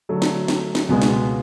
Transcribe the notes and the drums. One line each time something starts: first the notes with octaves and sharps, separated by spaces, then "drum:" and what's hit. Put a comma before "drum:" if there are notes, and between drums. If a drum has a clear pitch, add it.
D3 F#3 A3
drum: snare
drum: snare
drum: snare
C#2 B2 G#3 B3
drum: snare